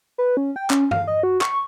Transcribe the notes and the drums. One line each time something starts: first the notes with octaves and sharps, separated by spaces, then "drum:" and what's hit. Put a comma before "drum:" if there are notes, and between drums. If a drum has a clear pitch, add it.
B4
C#4
G5
C#4, drum: clap
F5, drum: tom G2
D#5
F#4
C#6, drum: clap